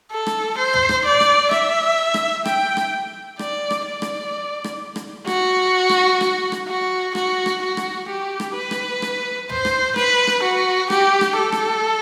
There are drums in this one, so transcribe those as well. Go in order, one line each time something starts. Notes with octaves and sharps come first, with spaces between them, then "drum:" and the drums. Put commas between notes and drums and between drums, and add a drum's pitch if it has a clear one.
A4
drum: rim click
C5
drum: tom
drum: rim click
D5
drum: rim click
E5, drum: rim click
drum: rim click
G5, drum: rim click
drum: rim click
D5, drum: rim click
drum: rim click
D5
drum: rim click
drum: rim click
drum: rim click
F#4, drum: rim click
drum: rim click
drum: rim click
drum: rim click
F#4
F#4, drum: rim click
drum: rim click
F#4
drum: rim click
G4
drum: rim click
B4
drum: rim click
drum: rim click
C5, drum: tom
drum: rim click
B4, drum: rim click
drum: rim click
F#4
G4, drum: rim click
drum: rim click
A4
drum: rim click